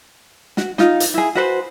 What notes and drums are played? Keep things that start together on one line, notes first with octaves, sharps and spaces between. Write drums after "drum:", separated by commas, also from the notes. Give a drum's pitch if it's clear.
F#4, drum: snare
D#4 F4, drum: snare
drum: hi-hat
E4 G#4
F#4 B4 C5